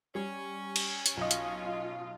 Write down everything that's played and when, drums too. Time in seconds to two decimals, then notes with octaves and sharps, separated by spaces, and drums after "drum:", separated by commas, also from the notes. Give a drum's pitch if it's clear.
0.15 G3 C#4
0.76 drum: cymbal
1.06 drum: hi-hat
1.17 B1 F4 D#5
1.31 drum: hi-hat